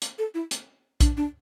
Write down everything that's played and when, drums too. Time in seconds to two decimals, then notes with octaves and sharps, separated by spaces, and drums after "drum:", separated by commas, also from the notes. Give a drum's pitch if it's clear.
0.02 drum: hi-hat
0.18 A4
0.34 E4
0.51 drum: hi-hat
1.00 D4, drum: kick, hi-hat
1.17 D4